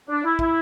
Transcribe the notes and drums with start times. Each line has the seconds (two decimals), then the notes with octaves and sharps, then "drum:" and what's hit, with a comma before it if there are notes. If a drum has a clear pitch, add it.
0.09 D4
0.24 E4
0.39 E4, drum: kick